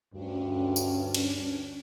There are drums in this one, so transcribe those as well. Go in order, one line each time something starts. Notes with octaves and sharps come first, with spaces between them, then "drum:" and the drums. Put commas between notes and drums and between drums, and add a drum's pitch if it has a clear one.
D2 G2 C#4 D4
drum: tambourine
drum: cymbal